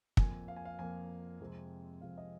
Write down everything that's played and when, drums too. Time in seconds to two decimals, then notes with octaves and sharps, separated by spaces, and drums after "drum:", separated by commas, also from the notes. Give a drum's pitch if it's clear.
0.17 F2 F3 A#3 G#5, drum: kick
0.48 F5
0.56 G#5
0.65 F5
0.78 F2 F3 A#3 G#5
1.40 F2 C3 G#3 C4
2.01 F2 C3 G#3 C4 F5
2.18 D#5